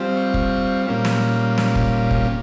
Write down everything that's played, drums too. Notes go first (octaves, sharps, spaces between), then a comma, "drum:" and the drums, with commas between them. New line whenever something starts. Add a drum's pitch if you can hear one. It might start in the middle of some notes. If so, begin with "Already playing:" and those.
Already playing: G3 C4 F4
C#6
drum: kick F1
A#2 G3 A#3 C#4 F4
drum: snare
drum: snare
drum: kick F1
drum: kick F1